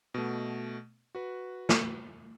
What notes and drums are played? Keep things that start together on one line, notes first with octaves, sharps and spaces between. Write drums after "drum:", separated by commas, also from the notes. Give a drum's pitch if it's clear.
B2 A3
F#4 B4
drum: snare